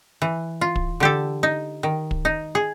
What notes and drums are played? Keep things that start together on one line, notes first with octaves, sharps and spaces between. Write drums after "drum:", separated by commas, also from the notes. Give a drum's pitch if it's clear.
E3
F4
drum: kick
D3 G4 A4
D#4
D#3
drum: kick
D#4
G#4